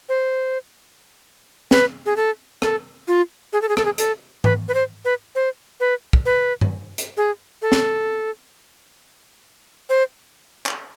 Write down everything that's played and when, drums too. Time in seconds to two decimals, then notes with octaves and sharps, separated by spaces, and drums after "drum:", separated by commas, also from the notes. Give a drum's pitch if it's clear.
0.09 C5
1.71 B4, drum: snare
2.06 G#4
2.16 A4
2.62 A4, drum: rim click
3.08 F4
3.53 G#4
3.62 A4
3.69 G#4
3.77 A4, drum: rim click
3.85 G#4
3.98 A4, drum: hi-hat
4.44 B4, drum: tom G#2
4.68 B4
4.74 C5
5.05 B4
5.35 C5
5.80 B4
6.13 drum: kick
6.26 B4
6.61 drum: tom G2
6.98 drum: hi-hat
7.17 G#4
7.62 A4
7.72 drum: snare
9.89 C5
10.66 drum: clap